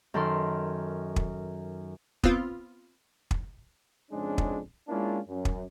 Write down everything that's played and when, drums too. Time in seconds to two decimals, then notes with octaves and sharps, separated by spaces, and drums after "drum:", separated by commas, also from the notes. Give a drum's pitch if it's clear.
0.14 F#2 D#3 A4 C6
1.16 drum: kick
2.23 B3 C4 F4, drum: kick
3.31 drum: kick
4.11 F2 G#2 C#3 G#3 C#4 D4
4.38 drum: kick
4.88 G#3 A#3 C#4 D4 E4 F4
5.28 F#2
5.45 drum: kick